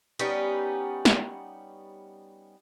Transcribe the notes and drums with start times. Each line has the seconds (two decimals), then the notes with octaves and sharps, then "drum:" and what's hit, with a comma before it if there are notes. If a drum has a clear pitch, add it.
0.19 G3 B3 C#4 D#4, drum: hi-hat
1.05 drum: snare